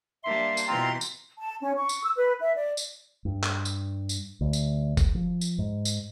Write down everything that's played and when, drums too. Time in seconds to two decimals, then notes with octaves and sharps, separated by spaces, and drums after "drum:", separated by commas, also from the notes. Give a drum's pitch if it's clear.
0.24 G3 A#3 D4 E5 C6
0.57 drum: tambourine
0.67 B2 E3 C4 F4 A#5 C6
1.01 drum: tambourine
1.38 A5
1.62 C#4
1.75 C#6
1.89 drum: tambourine
2.02 E6
2.16 B4
2.40 E5
2.55 D5
2.77 drum: tambourine
3.25 G2
3.43 drum: clap
3.65 drum: tambourine
4.09 drum: tambourine
4.41 D2
4.53 drum: tambourine
4.97 drum: kick, tambourine
5.15 F3
5.41 drum: tambourine
5.58 G#2
5.85 drum: tambourine